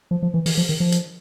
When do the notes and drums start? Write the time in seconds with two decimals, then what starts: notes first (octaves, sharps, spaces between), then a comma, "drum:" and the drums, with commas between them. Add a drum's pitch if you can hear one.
0.11 F3
0.23 F3
0.34 E3
0.46 E3, drum: open hi-hat
0.57 F3
0.69 D#3
0.80 F3
0.92 drum: hi-hat